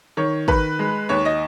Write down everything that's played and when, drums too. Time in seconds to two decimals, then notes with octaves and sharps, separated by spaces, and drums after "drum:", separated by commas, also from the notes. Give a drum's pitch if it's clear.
0.17 D#3 C#5
0.48 D#3 B4, drum: kick
0.79 G#3
1.09 D#2 C#5
1.25 D#5